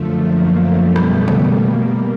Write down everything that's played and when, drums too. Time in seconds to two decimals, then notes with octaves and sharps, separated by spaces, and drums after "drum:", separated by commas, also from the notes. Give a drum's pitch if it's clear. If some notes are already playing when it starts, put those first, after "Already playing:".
Already playing: F#2 D3 F3 A3
0.26 A#3
0.85 B2 G3 A3 B3
0.96 drum: rim click
1.28 drum: tom C#3
1.44 A#3